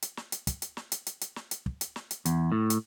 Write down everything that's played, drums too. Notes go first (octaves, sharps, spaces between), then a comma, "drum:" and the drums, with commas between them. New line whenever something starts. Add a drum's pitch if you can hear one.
drum: hi-hat
drum: snare
drum: hi-hat
drum: kick, hi-hat
drum: hi-hat
drum: snare
drum: hi-hat
drum: hi-hat
drum: hi-hat
drum: snare
drum: hi-hat
drum: kick
drum: hi-hat
drum: snare
drum: hi-hat
E2, drum: hi-hat
A2
drum: hi-hat